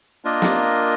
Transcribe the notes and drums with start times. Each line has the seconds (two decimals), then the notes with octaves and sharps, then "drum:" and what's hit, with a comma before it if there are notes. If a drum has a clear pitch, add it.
0.24 A#3 D4 F4 A#4 D#5
0.42 drum: snare